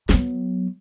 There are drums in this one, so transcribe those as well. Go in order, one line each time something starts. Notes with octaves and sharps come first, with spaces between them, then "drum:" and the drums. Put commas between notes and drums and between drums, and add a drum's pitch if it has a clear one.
F#3 B3, drum: snare